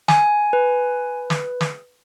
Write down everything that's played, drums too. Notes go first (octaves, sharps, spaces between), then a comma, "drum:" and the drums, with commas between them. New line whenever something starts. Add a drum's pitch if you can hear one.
G#5, drum: snare
B4
drum: snare
drum: snare